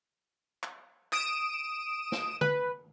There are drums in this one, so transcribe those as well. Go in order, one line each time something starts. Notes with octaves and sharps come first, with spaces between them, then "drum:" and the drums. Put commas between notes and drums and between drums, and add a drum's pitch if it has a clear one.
drum: clap
D#6 D7 E7, drum: clap
drum: snare
B4, drum: tom